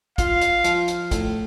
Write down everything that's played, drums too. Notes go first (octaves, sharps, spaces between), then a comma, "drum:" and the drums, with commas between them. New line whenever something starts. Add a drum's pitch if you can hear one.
F4 F5, drum: kick, hi-hat
drum: hi-hat
F3, drum: hi-hat
drum: hi-hat
A2, drum: kick, hi-hat